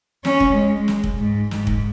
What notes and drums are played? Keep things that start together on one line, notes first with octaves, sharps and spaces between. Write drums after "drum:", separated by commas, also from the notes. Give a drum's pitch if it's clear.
C#4, drum: snare
drum: kick
G#3
drum: snare
drum: kick
G#2
G#2, drum: snare
drum: kick